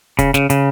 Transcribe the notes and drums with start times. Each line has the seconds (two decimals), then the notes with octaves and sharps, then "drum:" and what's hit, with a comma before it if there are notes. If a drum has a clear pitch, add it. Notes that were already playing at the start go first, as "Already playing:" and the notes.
0.19 C#3, drum: kick, hi-hat
0.34 C#3, drum: snare
0.50 C#3, drum: hi-hat